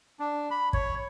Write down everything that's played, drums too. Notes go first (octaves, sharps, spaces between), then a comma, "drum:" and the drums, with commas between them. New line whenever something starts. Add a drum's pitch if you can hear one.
D4
B5
C#5, drum: kick